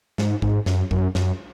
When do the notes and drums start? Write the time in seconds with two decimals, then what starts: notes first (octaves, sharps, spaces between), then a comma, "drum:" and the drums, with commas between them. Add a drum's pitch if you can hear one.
0.18 G#2, drum: snare
0.42 G#2, drum: kick
0.66 F#2, drum: snare
0.91 F#2, drum: kick
1.15 F#2, drum: snare